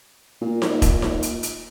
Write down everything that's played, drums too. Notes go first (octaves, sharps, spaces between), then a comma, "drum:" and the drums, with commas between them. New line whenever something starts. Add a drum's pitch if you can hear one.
A#2
drum: snare D#4
drum: kick E1, hi-hat
drum: snare D#4
drum: hi-hat
drum: hi-hat